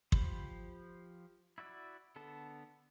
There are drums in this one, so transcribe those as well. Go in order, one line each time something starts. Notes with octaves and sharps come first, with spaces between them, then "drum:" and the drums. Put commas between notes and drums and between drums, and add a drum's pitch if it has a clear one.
F3 G4 C5 B5, drum: kick
E4 F#4 D5 E6
D3 B3 A4 A5